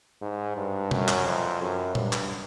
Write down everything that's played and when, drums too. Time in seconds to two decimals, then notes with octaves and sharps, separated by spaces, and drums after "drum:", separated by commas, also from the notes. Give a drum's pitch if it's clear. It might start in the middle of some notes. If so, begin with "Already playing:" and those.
0.21 G#2
0.57 G2
0.91 F#2, drum: tom B2
1.08 drum: clap
1.26 F2
1.61 F#2
1.95 G2, drum: tom A#2
2.13 drum: clap